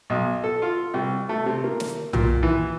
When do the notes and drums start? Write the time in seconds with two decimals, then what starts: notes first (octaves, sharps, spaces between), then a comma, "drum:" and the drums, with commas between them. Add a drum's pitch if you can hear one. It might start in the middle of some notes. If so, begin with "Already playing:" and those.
0.10 B1
0.44 A4
0.62 F4
0.94 C2
1.29 A3
1.46 C3
1.64 A#3
1.80 drum: snare
2.13 A#2, drum: tom B1
2.43 E3